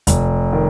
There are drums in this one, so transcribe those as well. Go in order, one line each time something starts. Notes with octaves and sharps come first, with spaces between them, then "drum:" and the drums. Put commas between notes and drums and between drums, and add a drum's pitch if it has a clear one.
F1, drum: hi-hat
D#3